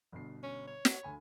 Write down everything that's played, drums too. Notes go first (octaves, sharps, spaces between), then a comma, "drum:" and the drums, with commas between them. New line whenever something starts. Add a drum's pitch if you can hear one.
G1 B2 C7
C#4
C#5
drum: snare
D2 G#5 B5